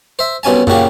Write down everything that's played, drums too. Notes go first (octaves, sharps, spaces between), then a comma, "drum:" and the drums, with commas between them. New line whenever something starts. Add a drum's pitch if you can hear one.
C5 E5
C2 B2 C#4 G#5 A5
A#2 C#3 F#4 G4, drum: tom